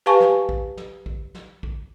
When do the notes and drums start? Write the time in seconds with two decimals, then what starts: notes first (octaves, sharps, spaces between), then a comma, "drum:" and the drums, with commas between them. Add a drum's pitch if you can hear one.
0.06 G4 B4 F5 G#5 A5 C#6
0.20 drum: snare
0.49 drum: kick
0.77 drum: snare
1.06 drum: kick
1.35 drum: snare
1.63 drum: kick